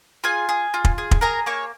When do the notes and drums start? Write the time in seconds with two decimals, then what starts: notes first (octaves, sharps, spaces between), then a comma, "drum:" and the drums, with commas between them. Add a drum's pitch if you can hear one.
0.24 F4 G#4 G#5
0.49 G#4
0.74 F4
0.85 drum: kick
0.98 G#4
1.11 drum: kick
1.21 G#4 A#4 A#5
1.46 A#3 C#5 C#6